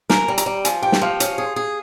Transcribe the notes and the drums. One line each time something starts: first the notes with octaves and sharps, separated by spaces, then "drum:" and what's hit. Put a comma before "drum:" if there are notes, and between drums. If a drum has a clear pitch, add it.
A#4 G#5, drum: snare
G3
A#5, drum: hi-hat
G3
F3 G#5, drum: hi-hat
G4 G5
drum: snare
F3 F5
C#4, drum: hi-hat
G#4
G#4